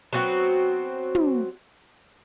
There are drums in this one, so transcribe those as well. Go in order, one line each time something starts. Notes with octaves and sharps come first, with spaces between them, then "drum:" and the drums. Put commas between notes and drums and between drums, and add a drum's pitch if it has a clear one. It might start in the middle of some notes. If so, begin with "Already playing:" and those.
F#3 B3 C4 F#4
drum: tom